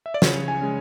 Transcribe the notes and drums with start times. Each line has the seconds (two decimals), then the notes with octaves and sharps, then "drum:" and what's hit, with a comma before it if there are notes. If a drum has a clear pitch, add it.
0.06 E5
0.14 D5
0.22 C#3 C#5, drum: snare
0.48 G#5
0.61 G#3 C#4